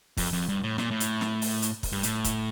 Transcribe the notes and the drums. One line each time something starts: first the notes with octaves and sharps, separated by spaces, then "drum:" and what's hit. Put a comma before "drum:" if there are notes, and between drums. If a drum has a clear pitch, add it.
F2, drum: kick, open hi-hat
F2
G2
A2
A#2, drum: snare
A2
drum: hi-hat
drum: snare
drum: open hi-hat
drum: hi-hat
drum: kick, open hi-hat
G2
A2, drum: hi-hat
drum: kick, hi-hat